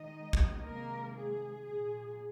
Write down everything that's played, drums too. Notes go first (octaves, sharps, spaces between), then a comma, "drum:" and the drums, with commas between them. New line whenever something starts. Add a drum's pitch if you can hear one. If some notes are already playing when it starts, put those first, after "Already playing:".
Already playing: D#3 G#3 D#4 D#5
drum: kick
C3 D#3 G#3 A#3 A#4
G#4
A#2 G#4